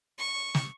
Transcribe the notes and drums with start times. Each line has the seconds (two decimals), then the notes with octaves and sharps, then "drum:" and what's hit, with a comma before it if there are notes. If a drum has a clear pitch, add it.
0.18 C#6
0.55 drum: snare